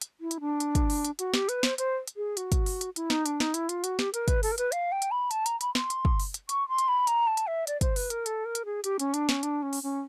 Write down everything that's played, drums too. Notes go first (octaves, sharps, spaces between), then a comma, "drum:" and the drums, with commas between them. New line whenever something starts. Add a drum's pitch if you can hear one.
drum: hi-hat
E4
drum: hi-hat
D4
drum: hi-hat
drum: kick, hi-hat
drum: open hi-hat
drum: hi-hat
F#4, drum: hi-hat
G4, drum: snare
B4, drum: hi-hat
C5, drum: snare
C5, drum: hi-hat
drum: hi-hat
G#4
F#4, drum: hi-hat
drum: kick, hi-hat
drum: open hi-hat
drum: hi-hat
E4, drum: hi-hat
D#4, drum: snare
D4, drum: hi-hat
D#4, drum: snare
E4, drum: hi-hat
F4, drum: hi-hat
F#4, drum: hi-hat
G4, drum: snare
A#4, drum: hi-hat
B4, drum: kick, hi-hat
A4, drum: open hi-hat
A#4
B4, drum: hi-hat
F5, drum: hi-hat
G5
drum: hi-hat
B5
A5, drum: hi-hat
A#5, drum: hi-hat
B5, drum: hi-hat
C6, drum: snare
drum: hi-hat
drum: kick
drum: open hi-hat
drum: hi-hat
C#6, drum: hi-hat
C6
drum: hi-hat
B5
A#5, drum: hi-hat
A5
drum: hi-hat
E5
D5, drum: hi-hat
C5, drum: kick, hi-hat
B4, drum: open hi-hat
A#4, drum: hi-hat
A4, drum: hi-hat
A#4
drum: hi-hat
G#4
G4, drum: hi-hat
C#4, drum: hi-hat
D4, drum: hi-hat
C#4, drum: snare
D4, drum: hi-hat
C#4
drum: open hi-hat
C#4